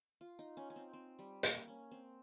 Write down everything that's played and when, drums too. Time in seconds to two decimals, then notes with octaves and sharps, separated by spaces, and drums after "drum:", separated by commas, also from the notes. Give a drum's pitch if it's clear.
0.21 F4
0.39 D#4
0.57 C#4
0.70 C#4
0.76 C4
0.93 C4
1.19 G3
1.43 A#3, drum: hi-hat
1.68 C#4
1.91 C4